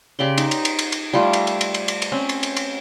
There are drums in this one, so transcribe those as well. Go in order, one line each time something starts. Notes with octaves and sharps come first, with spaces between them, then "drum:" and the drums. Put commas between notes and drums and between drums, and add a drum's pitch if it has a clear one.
C#3 G4 D5 C6
D#4, drum: cymbal
drum: cymbal
drum: cymbal
drum: cymbal
drum: cymbal
G3 A3 F4
drum: cymbal
drum: cymbal
drum: cymbal
drum: cymbal
drum: cymbal
drum: cymbal
C4 C#4
drum: cymbal
drum: cymbal
drum: cymbal